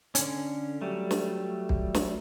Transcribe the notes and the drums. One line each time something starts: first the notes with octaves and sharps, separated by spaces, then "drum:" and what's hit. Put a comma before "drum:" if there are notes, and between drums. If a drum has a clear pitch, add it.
D3 C#4, drum: hi-hat
F#3 G3 A3
drum: snare
drum: kick
drum: snare